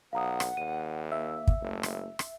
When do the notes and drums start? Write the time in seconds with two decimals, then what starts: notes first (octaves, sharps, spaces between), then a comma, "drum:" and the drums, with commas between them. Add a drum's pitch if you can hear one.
0.13 B1 F5 F#5 A#5 D#6
0.40 drum: rim click
0.57 D#2 D#7
1.12 A#3 E5
1.47 drum: kick
1.61 F#1 A3
1.83 drum: rim click
2.19 drum: rim click